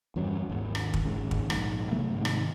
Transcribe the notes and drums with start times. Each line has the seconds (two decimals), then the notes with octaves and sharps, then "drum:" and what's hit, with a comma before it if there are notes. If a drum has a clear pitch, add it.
0.16 E2 G2 F#3 C#4
0.49 G#1 D#2
0.75 drum: rim click
0.94 drum: kick
1.05 G#1 C#3
1.31 drum: kick
1.50 A#1 G#2, drum: rim click
1.91 C3 F#3 A3 B3
2.11 G#2 C3 D#3
2.25 drum: rim click